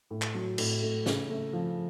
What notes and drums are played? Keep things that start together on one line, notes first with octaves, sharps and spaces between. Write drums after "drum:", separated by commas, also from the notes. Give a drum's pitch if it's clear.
A2
drum: clap
F#3
A2, drum: cymbal
A3
C#3, drum: snare
A3
F3